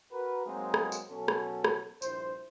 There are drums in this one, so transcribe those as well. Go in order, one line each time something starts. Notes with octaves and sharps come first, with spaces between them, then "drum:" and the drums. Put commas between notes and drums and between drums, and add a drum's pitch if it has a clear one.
F#4 A#4 B4
F#3 G#3 A#3 C4 D#4 F#4
drum: rim click
drum: tambourine
B2 F#3 C#4 A4
drum: rim click
drum: rim click
A#1 G2 E4 C5, drum: tambourine